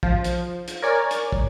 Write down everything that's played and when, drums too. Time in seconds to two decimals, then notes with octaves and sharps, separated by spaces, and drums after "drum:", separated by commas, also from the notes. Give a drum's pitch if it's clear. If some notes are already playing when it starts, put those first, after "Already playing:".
0.03 F3, drum: kick
0.24 drum: hi-hat
0.68 drum: hi-hat
0.82 A#4 C#5 D5 G#5
1.11 drum: hi-hat
1.32 drum: kick